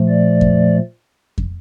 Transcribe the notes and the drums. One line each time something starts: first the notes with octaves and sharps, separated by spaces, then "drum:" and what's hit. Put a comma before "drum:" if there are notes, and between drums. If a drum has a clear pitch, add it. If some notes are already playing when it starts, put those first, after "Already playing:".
Already playing: A#2 F3 A3
D5
drum: kick F2
drum: kick F2